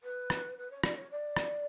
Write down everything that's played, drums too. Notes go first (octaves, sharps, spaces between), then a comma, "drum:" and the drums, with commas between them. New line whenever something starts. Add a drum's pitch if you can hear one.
B4
drum: rim click
B4
C#5
D5, drum: rim click
C#5
D5
drum: rim click